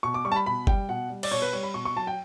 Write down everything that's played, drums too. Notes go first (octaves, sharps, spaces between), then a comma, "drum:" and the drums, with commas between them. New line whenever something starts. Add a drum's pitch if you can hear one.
B2 C#6
D6
G3 C#6
A5
B5
B2 B5
G3 G5, drum: kick G1
B2 F#5
G3
D5, drum: cymbal
B2 C#5
B4
G3 C#5
B5
B2 C#6
C#6
F#3 A5
G5